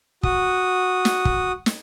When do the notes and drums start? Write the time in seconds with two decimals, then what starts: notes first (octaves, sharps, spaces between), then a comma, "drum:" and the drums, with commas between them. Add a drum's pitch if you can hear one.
0.23 F#4 D#6, drum: kick
1.05 drum: snare
1.25 drum: kick
1.66 drum: snare